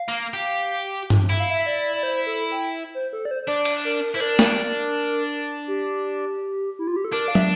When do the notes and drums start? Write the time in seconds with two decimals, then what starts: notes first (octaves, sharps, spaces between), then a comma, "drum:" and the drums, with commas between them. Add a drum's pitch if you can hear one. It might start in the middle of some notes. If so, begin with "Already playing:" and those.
Already playing: F5
0.09 A#3
0.33 G4
1.10 drum: tom G2
1.30 E4 E5
1.40 F5
1.50 E5
1.66 D5
1.95 D5
2.03 C5
2.27 A4
2.52 G5
2.95 C5
3.13 A4
3.25 D5
3.31 C5
3.43 C5
3.48 D4 D5
3.65 drum: cymbal
3.85 A#4
4.15 E4 C5
4.21 D4 A#4
4.39 drum: snare
5.68 G4
6.79 E4
6.87 F4
6.96 G4
7.05 A4
7.12 D4 A#4
7.28 F5
7.35 E5, drum: tom